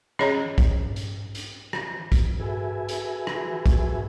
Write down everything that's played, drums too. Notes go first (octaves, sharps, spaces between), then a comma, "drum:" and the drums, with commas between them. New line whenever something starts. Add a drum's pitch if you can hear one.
C#4 G#4 C#5 D#5 A#5, drum: rim click
drum: kick, hi-hat
drum: hi-hat
drum: hi-hat
drum: rim click
drum: kick, hi-hat
F#4 G#4 A4 B4 E5 G#5
drum: hi-hat
drum: rim click
drum: kick, hi-hat